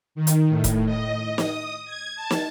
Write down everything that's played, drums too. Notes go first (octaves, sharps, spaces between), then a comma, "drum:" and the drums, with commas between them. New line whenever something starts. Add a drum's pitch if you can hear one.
D#3
drum: hi-hat
A2
drum: kick E1, hi-hat
D#5
D#6, drum: snare
G#6
A5
drum: snare